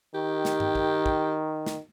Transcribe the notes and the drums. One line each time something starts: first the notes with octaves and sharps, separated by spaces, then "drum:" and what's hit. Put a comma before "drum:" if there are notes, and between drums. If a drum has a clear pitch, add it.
D#3 G4
drum: snare
drum: tom G2
drum: kick
drum: kick
drum: snare